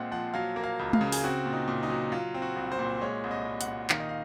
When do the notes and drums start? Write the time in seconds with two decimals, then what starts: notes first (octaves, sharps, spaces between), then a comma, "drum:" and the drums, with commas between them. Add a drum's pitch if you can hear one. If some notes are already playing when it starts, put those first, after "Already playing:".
Already playing: A#2 G#3 C4 F5 F#5
0.11 F3 F#5
0.34 F#3 F5
0.56 A#3
0.64 F5
0.79 C#2
0.93 F5, drum: tom G#3
1.01 C#3
1.12 G#4, drum: open hi-hat
1.24 C4 F#4
1.46 A#2
1.53 D#4
1.68 A#2
1.83 D#4
1.90 F#3
2.12 F#3 F4
2.34 C4
2.42 F#4
2.56 C2
2.72 C5
2.79 A#2
3.01 G#3 C#5
3.24 C2
3.31 D#5
3.46 C2
3.61 F#5, drum: hi-hat
3.68 A#2
3.90 D#3 F5, drum: clap
4.00 D#5
4.09 F5